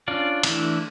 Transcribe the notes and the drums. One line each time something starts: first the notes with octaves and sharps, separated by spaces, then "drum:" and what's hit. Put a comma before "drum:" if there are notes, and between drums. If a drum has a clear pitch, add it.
C#4 D4 F4 D5
E3 A3 D4 E4, drum: cymbal